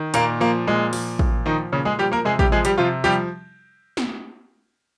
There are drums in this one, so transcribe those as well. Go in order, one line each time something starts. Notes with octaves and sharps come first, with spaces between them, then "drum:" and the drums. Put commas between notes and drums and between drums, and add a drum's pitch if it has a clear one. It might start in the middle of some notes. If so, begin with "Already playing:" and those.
Already playing: D#3
A#2 A#3, drum: hi-hat
F3 A#3
A#2 G#3
F3, drum: open hi-hat
A#2, drum: kick
D#3 F3 D#4
A#2 C#3 C#4
G#3 G#4
F3 G3 G4
A#3 A#4
C3 G#3 G#4
G3 G4, drum: kick
F3 G#3 G#4
G3 G4, drum: hi-hat
C3 F3 F4
F3 G3 G4
drum: snare